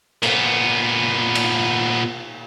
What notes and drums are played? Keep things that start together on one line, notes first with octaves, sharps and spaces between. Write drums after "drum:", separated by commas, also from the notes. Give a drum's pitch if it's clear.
A#2 B3, drum: cymbal
drum: cymbal